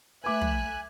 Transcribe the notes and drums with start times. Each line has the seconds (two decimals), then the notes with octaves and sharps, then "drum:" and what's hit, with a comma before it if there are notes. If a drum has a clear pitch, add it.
0.24 A3 B4 E5 G#5 D6 F#6
0.41 drum: tom